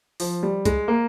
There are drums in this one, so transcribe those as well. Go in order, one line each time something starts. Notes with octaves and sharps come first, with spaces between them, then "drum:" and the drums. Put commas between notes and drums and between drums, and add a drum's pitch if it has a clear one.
F3, drum: open hi-hat
G3
G#3, drum: kick, hi-hat
A#3